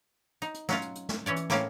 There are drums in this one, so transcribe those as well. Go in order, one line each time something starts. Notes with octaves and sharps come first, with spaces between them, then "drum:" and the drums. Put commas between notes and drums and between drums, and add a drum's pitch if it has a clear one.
D#4, drum: hi-hat
drum: hi-hat
F#3 C#4 F4, drum: snare
drum: hi-hat
drum: hi-hat
drum: snare
E3 C#4 C#5 D5
drum: hi-hat
A2 A#3 C4 C#4 F5, drum: snare